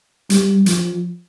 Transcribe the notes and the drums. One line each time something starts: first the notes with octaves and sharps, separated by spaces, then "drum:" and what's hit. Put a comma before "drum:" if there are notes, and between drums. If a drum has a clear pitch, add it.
G3, drum: hi-hat
F3, drum: hi-hat